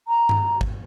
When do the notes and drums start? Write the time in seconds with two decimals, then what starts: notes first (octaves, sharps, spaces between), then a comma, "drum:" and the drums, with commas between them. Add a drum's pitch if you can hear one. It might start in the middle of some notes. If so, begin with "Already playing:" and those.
0.08 A#5
0.29 drum: tom G2
0.61 drum: kick